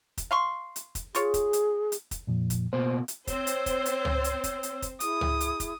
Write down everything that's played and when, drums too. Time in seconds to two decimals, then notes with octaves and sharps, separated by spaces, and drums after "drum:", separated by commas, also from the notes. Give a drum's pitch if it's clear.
0.18 drum: kick, hi-hat
0.31 F5 C6 C#6
0.76 drum: hi-hat
0.95 drum: kick, hi-hat
1.15 F4 G#4 C#5, drum: hi-hat
1.34 drum: kick, hi-hat
1.53 drum: hi-hat
1.92 drum: hi-hat
2.11 drum: kick, hi-hat
2.27 F2 A#2 F3
2.50 drum: kick, hi-hat
2.73 B2 A#3 C5
3.08 drum: hi-hat
3.27 C4 C5 C#5 E6, drum: kick, hi-hat
3.47 drum: hi-hat
3.66 drum: kick, hi-hat
3.86 drum: hi-hat
4.05 drum: tom C#2
4.24 drum: hi-hat
4.44 drum: kick, hi-hat
4.63 drum: hi-hat
4.82 drum: kick, hi-hat
5.00 E4 G#4 D#6, drum: hi-hat
5.21 drum: tom C#2
5.40 drum: hi-hat
5.60 drum: kick, hi-hat